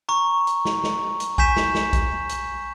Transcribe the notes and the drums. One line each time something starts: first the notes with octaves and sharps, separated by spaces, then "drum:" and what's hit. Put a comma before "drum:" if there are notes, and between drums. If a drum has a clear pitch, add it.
A#5 C#6
drum: hi-hat
drum: snare
drum: snare
drum: hi-hat
G#5 C#6 G6 B6 E7, drum: kick A#1
drum: snare
drum: snare
drum: kick A#1, hi-hat
drum: hi-hat